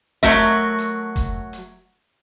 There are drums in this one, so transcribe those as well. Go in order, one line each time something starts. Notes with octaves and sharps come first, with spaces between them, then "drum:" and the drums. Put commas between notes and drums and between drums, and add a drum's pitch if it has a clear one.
F#3 A3 A#4 E5, drum: kick F1
drum: hi-hat
drum: hi-hat
drum: kick F1, hi-hat
drum: hi-hat